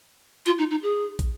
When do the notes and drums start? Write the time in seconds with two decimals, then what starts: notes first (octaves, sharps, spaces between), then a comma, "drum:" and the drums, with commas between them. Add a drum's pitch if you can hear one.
0.46 F4, drum: hi-hat
0.58 D#4
0.70 D#4
0.82 G#4
1.19 drum: kick, hi-hat